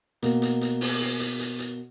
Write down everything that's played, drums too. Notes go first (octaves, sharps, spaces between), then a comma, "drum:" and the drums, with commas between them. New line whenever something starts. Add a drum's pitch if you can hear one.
B2 A#3, drum: hi-hat
drum: hi-hat
drum: hi-hat
drum: open hi-hat
drum: hi-hat
drum: hi-hat
drum: hi-hat
drum: hi-hat